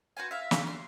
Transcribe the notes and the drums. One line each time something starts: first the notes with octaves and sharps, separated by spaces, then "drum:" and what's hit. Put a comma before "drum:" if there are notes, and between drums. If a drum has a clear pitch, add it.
F#4 B4 C5 G#5
E5 F5
drum: snare
C6